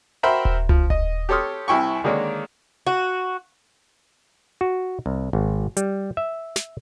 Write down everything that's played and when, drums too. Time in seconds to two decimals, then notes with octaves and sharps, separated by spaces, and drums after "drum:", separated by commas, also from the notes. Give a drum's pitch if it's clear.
0.23 F#4 A#4 C5 E5 G5 B5
0.45 drum: kick D#1
0.69 F3, drum: tom C#2
0.90 D#5, drum: kick D#1
1.29 G4 A4 C#5 C6 D#6 F6
1.68 C2 C3 E4 G5 G#5 C#6
2.04 D3 D#3 G#3 A#3 D4 C#5
2.87 F#4
4.61 F#4
5.06 C2
5.33 G#1
5.77 G3, drum: hi-hat
6.17 E5
6.56 drum: snare